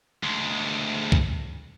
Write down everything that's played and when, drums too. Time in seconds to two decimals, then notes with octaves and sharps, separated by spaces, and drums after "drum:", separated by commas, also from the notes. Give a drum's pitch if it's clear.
0.23 D2 G#3
1.12 drum: kick